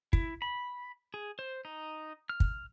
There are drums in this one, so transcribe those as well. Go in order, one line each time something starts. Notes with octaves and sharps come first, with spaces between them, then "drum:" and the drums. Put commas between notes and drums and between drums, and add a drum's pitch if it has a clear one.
E4, drum: kick
B5
G#4
C5
D#4
F6
drum: kick